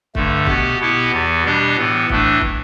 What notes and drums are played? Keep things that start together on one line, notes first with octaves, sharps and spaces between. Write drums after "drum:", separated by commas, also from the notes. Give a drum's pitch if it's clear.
G2 D3 A3, drum: kick
B2 B3 G4, drum: kick
B2 B3 E4 G4
E2 E3 B3
B2 G3 D4 G4
A2 E3 B3
A2 E3 A3 D4, drum: kick
drum: kick